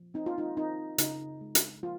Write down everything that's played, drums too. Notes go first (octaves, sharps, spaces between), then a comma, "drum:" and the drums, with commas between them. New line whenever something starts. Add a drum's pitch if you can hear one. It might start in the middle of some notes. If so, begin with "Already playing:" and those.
Already playing: F3
C4 D#4
F4
D#4
C4 D#4
C#3 D#4, drum: hi-hat
G#3
drum: hi-hat
F3 F4